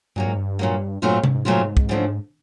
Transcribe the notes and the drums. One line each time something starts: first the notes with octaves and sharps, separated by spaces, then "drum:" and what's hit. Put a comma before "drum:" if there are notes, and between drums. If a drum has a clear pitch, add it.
G2 A#2 F#3 A#3
G#2
G2
A#2 F#3 A#3
G2 A#2 F#3 A3 C4 F4
G#2
G#2, drum: tom C3
G#2
A#2 F#3 A3 C4 F4
drum: kick
F#2 C#3 F3 A3 D4